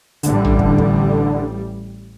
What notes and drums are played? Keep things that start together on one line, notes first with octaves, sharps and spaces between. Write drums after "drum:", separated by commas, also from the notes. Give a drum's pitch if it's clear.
A1 D3 G3, drum: hi-hat
drum: tom
drum: kick
drum: kick